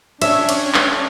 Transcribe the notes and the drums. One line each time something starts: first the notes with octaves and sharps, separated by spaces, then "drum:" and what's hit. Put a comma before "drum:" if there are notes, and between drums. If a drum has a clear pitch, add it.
C#4 D4 E5, drum: cymbal
G4 C#5, drum: cymbal
drum: clap